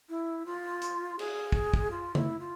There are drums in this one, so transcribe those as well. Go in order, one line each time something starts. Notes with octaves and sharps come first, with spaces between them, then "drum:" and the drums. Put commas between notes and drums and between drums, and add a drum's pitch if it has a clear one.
E4
F4
drum: hi-hat
G#4, drum: cymbal
drum: kick
drum: kick
F4
E4, drum: tom C#3
F4